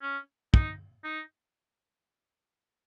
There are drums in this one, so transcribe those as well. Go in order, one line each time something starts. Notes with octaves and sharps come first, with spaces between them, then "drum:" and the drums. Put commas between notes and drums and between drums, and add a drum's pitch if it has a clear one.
C#4
D#4, drum: kick
D#4